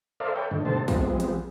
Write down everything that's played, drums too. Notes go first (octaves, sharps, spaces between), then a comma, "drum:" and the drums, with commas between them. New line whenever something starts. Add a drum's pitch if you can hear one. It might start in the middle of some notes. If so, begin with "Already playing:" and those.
A4 A#4 C5 D5 E5 F5
A4 B4 C#5 G5
G2 D3 D#3 A3
B2 D3 G3 A3 C5 A5
F3 G3 G#3 B3 C4, drum: kick, open hi-hat
drum: hi-hat